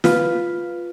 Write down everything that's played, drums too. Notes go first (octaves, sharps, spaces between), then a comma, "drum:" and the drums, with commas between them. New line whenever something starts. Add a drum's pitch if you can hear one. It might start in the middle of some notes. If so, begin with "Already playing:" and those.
F4 B4, drum: snare